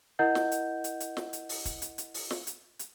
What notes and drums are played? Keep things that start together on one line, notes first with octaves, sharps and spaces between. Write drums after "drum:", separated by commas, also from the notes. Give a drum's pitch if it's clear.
E4 A#4 D#5 F#5 G6
drum: snare
drum: hi-hat
drum: hi-hat
drum: hi-hat
drum: snare
drum: hi-hat
drum: open hi-hat
drum: kick, hi-hat
drum: hi-hat
drum: hi-hat
drum: open hi-hat
drum: snare
drum: hi-hat
drum: hi-hat